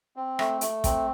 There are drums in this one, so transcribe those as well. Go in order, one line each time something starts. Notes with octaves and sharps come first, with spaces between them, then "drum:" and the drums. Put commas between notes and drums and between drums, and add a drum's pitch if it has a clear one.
C4
A3, drum: rim click
A3, drum: hi-hat
C4, drum: kick, hi-hat